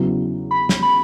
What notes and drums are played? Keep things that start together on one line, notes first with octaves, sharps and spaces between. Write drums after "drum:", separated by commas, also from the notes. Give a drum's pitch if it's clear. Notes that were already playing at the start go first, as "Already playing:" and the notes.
Already playing: E2 C#3 F#3 B3 E4
B5
drum: snare
B5